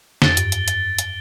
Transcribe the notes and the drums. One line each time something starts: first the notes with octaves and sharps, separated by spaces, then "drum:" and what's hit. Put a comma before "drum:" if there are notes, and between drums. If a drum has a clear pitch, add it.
F2 A6 D7 G7, drum: snare
G2, drum: hi-hat
drum: hi-hat
drum: hi-hat
drum: hi-hat